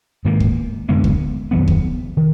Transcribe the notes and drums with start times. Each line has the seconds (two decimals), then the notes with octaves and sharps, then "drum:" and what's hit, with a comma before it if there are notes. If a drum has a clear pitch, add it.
0.25 G#2 D#3 A#3
0.40 drum: kick
0.89 F#2 D3 G#3 B3
1.04 drum: kick
1.51 F2 D#3 F#3 B3
1.68 drum: kick
2.17 D#3